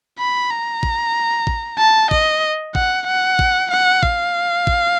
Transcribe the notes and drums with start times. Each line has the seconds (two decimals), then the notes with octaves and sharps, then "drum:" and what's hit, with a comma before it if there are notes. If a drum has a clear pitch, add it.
0.19 B5
0.51 A#5
0.83 drum: kick
1.47 drum: kick
1.79 A5
2.11 D#5, drum: kick
2.75 F#5, drum: kick
3.07 F#5
3.39 drum: kick
3.72 F#5
4.03 F5, drum: kick
4.67 drum: kick